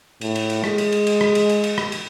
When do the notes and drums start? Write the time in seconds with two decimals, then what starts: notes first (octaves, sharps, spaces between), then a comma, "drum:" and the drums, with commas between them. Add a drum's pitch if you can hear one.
0.21 A2, drum: cymbal
0.35 drum: cymbal
0.50 drum: cymbal
0.64 G#3, drum: rim click
0.78 drum: cymbal
0.92 drum: cymbal
1.07 drum: cymbal
1.21 drum: rim click
1.35 drum: cymbal
1.49 drum: cymbal
1.64 drum: cymbal
1.78 drum: rim click
1.92 drum: cymbal